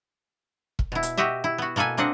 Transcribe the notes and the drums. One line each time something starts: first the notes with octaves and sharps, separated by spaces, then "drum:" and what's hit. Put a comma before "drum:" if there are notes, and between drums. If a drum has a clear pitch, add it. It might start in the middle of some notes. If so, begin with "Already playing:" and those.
drum: kick
B2 E4
drum: hi-hat
F#4 G4 D#5 E5
E4
B3 F#4
B2 A#3 A4 B4 G#5
A#3 C4 D4 D#5 F#5